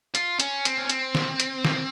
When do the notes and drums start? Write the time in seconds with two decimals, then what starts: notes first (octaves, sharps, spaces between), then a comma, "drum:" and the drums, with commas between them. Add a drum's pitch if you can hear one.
0.15 F4, drum: hi-hat
0.40 C#4, drum: hi-hat
0.65 C4, drum: hi-hat
0.78 C#4
0.89 C4, drum: hi-hat
1.15 drum: snare
1.40 drum: hi-hat
1.65 drum: snare